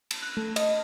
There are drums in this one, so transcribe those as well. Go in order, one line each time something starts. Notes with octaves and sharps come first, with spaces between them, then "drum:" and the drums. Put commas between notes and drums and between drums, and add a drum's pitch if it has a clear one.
drum: cymbal
F#6
A3
D#5, drum: cymbal